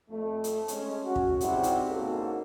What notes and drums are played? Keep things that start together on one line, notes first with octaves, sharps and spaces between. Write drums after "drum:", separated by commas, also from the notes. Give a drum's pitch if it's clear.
F2 A3
drum: hi-hat
G#3 C#4, drum: hi-hat
F#2 C#4 F#4
drum: kick
G#2 C3 G3 E4 F#4, drum: hi-hat
drum: hi-hat
G#2 A#3 C#4 F#4 A4